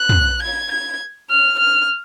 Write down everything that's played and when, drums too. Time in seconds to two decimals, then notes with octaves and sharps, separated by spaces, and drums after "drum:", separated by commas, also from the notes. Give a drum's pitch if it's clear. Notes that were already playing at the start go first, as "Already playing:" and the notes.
Already playing: F#6
0.09 drum: tom
0.43 G#6
0.72 G#6
1.30 F6
1.59 F6